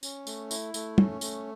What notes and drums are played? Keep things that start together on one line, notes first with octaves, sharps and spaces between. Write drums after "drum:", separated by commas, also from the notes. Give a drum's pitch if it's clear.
C#4, drum: tambourine
A3, drum: tambourine
E4, drum: tambourine
A3, drum: tambourine
C#4, drum: tom
A3, drum: tambourine